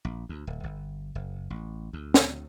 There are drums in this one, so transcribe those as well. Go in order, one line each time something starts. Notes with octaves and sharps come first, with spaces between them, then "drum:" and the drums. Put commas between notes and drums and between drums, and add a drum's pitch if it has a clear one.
A#1
D2
D1
G1
F#1
A1
D2
drum: snare